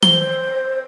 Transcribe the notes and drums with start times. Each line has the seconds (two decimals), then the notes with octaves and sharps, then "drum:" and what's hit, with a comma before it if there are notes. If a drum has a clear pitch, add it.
0.03 C5 G7, drum: tom E3